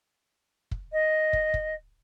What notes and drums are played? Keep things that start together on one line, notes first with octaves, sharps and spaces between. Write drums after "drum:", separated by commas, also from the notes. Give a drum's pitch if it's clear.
drum: kick
D#5
drum: kick
drum: kick